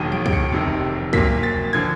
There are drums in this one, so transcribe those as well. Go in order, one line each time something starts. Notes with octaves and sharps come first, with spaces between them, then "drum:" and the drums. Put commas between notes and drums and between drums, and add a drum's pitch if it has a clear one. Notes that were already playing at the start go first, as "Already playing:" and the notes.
Already playing: E1 D#2 D#3 F#3 D#7
D7, drum: tom F3
D7, drum: kick
C#7
F1 F2 C3 D#3
C2 A#2 F#3 A#3 B6, drum: kick
A6
D3 F3 G#6